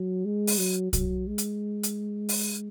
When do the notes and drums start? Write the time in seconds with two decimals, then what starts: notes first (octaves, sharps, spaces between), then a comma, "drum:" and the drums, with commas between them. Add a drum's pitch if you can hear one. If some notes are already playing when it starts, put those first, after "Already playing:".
Already playing: F#3
0.25 G#3
0.47 drum: open hi-hat
0.59 F#3
0.93 F#3, drum: kick, hi-hat
1.27 G#3
1.38 drum: hi-hat
1.83 drum: hi-hat
2.29 drum: open hi-hat